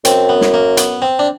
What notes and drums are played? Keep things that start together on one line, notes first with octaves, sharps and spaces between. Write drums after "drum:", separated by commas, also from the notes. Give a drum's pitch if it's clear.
F#2 C4, drum: hi-hat
B3
drum: snare
A#3
B3, drum: hi-hat
C4
D4